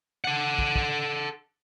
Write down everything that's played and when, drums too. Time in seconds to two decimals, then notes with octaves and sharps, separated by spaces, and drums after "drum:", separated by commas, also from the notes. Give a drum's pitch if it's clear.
0.24 A4 F#5
0.58 drum: kick
0.76 drum: kick